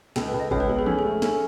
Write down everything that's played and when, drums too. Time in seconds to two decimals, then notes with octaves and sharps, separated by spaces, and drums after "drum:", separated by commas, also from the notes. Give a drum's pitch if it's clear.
0.16 C#2 A4, drum: snare
0.28 B4
0.34 C#2
0.40 D#5
0.51 C#2 C#5, drum: kick G1
0.60 B4
0.69 B3 A4
0.79 G#4
0.86 C#4 A4, drum: tom E3
0.99 G#4
1.05 A3
1.22 C#4 A4, drum: snare